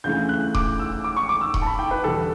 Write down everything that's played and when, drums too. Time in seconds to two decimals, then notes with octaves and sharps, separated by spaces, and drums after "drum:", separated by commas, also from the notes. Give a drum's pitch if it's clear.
0.04 D2 C#3 E3 A3 G6
0.29 F#6
0.55 D6, drum: kick D#1
0.80 E6
1.04 D6
1.17 C#6
1.29 D6
1.41 E6
1.54 C#6, drum: kick D#1
1.62 A5
1.66 B5
1.79 G5
1.91 B4
2.04 E2 D3 G3 A4